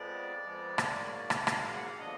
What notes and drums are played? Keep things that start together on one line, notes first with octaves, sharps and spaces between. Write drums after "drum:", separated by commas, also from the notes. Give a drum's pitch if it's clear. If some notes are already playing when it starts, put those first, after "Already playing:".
Already playing: F2 F3 G#3 B3 D5
F2 F3 G#3 B3
drum: rim click
G#2 F#3 A#3
drum: rim click
G#2 F#3 A#3 F5, drum: rim click
F5
F#5
F5
D3 F3 B3 D4 D#5